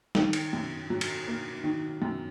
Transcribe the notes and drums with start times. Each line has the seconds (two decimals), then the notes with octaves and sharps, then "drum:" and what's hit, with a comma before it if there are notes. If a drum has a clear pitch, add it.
0.15 D#3, drum: snare
0.33 drum: cymbal
0.53 F#2
0.90 F#3
1.01 drum: cymbal
1.27 A#3
1.64 D#3
2.02 F#2